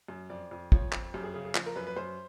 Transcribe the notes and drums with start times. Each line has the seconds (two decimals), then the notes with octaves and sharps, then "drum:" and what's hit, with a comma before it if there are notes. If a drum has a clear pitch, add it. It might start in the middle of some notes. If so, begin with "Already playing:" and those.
0.08 F#2
0.30 F2 D5
0.51 F2
0.72 F3 C#5, drum: kick
0.92 F2, drum: clap
1.14 F#2 G4
1.23 G#4
1.34 C#3 G#4
1.45 G#4
1.55 F3, drum: clap
1.66 A#4
1.76 F#2 B4
1.87 B4
1.96 F#2 C5